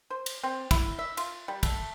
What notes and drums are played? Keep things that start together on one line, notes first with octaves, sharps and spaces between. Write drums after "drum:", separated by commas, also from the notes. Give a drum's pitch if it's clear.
C5
drum: cymbal
C4
E4, drum: kick, cymbal
E5
F4, drum: cymbal
G3
A3, drum: kick, cymbal